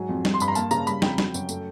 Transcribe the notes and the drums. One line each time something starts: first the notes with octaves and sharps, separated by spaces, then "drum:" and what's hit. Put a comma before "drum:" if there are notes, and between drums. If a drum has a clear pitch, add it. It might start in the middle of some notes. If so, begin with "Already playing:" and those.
Already playing: G#2 F#3 G#5
F2
G3, drum: snare
C6
G2 B5, drum: tambourine
A#5
A#3 A5, drum: tambourine
C#3 A#5, drum: tambourine
G3 B5, drum: tambourine
F2 G5, drum: snare
F#3, drum: snare
F#2, drum: tambourine
A3, drum: tambourine